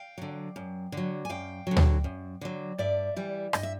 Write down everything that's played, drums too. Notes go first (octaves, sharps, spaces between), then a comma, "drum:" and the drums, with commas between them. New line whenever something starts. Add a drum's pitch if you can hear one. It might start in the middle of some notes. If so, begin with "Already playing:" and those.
Already playing: F5 G5
D3 F#3
F#2
D3 F#3
G#5
F#2 F5 G5
D3 F#3
drum: tom D2
F#2
D3 F#3
G2 D5 E5
E3 G3
G2 D#5, drum: rim click
E5